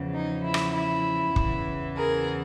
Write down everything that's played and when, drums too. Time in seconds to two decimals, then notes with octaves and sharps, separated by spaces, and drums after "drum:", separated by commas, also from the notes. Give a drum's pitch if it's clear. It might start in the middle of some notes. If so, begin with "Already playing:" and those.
Already playing: E2 C#3 F3
0.13 D#4
0.44 E4
0.54 drum: rim click
0.74 E4
1.36 E2 C#3 E3, drum: kick
1.97 G#4 A#4